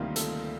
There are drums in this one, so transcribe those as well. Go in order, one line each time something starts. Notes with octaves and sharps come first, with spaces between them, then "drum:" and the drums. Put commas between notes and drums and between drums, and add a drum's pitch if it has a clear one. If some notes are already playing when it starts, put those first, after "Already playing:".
Already playing: D2 C3 D#3 G3 A#3 F4
A4, drum: hi-hat